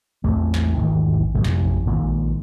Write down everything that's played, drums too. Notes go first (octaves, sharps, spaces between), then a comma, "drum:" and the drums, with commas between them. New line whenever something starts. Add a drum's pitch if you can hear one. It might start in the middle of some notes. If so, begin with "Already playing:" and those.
A1 E2 A3 C4
drum: snare
D1 G#1 E2 D#3
drum: kick A1
A1 F2 C3
drum: snare
drum: kick A1
A#1 A#2 D#3 G#3